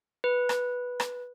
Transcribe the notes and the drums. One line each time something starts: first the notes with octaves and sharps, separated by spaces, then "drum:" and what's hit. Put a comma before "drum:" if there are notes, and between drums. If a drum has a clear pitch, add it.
B4
drum: rim click
drum: rim click